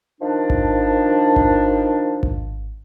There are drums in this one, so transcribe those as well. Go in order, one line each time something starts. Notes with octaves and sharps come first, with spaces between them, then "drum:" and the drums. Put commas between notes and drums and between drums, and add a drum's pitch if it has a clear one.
D#3 F3 D4
drum: kick G#1
drum: kick G#1
drum: kick G#1